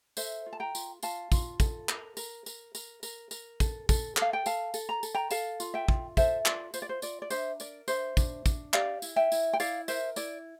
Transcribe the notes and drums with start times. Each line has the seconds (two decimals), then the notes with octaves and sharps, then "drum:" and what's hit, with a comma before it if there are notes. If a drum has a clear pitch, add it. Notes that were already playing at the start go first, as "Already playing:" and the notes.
0.17 A4 C5 E5, drum: tambourine
0.46 F4
0.53 A5
0.60 G5 A#5
0.75 F4, drum: tambourine
1.03 F4 F5 A5, drum: tambourine
1.32 F4, drum: kick, tambourine
1.60 A4, drum: kick, tambourine
1.89 A#4, drum: clap
2.17 A#4, drum: tambourine
2.46 A#4, drum: tambourine
2.75 A#4, drum: tambourine
3.03 A#4, drum: tambourine
3.31 A#4, drum: tambourine
3.60 A4, drum: kick, tambourine
3.89 A4, drum: kick, tambourine
4.17 A4, drum: clap
4.22 F5
4.33 G5
4.46 A4 F5 A5, drum: tambourine
4.74 A4, drum: tambourine
4.89 A#5
5.03 A4, drum: tambourine
5.15 G5 A#5
5.31 A4 F5 A5, drum: tambourine
5.60 F4, drum: tambourine
5.74 E5 G5
5.88 F4, drum: kick
6.17 A4 C5 E5, drum: kick, tambourine
6.46 F4 D5, drum: clap
6.74 F4 C5, drum: tambourine
6.82 D5
6.89 C5
7.02 F4 D5, drum: tambourine
7.22 D5
7.30 D4 C5 E5, drum: tambourine
7.60 A#4 D5, drum: tambourine
7.88 D4 C5 E5, drum: tambourine
8.17 D4, drum: kick, tambourine
8.46 D4, drum: kick, tambourine
8.73 G4 D5 F5, drum: clap
9.02 E4, drum: tambourine
9.16 E5 G5
9.32 E4, drum: tambourine
9.53 G5
9.60 E4 D5 F5, drum: tambourine
9.88 A#4 C5 E5, drum: tambourine
10.16 E4 D5, drum: tambourine